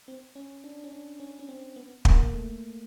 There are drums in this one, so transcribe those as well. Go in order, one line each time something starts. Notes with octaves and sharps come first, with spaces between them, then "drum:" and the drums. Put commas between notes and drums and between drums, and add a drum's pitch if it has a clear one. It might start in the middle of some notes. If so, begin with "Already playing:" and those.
C4
C#4
D4
C#4
D4
C#4
C#4
C4
B3
A#3, drum: kick
A3